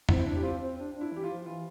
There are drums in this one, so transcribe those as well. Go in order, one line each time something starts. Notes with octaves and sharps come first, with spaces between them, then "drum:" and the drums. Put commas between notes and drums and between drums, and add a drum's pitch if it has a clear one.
C4 E4, drum: tom
D4
G4
C4 F4
C4
D4
D4
E4
E3 G4
F4
F3
E3 F4